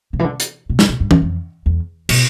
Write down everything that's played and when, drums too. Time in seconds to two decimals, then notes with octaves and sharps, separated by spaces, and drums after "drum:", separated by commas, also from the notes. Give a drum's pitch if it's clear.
0.13 C3
0.19 E3
0.24 D3
0.40 drum: hi-hat
0.70 B2
0.79 A2, drum: snare
0.89 B2
1.00 G2
1.11 E2, drum: tom E3
1.22 F2
1.66 E2
2.09 B2, drum: cymbal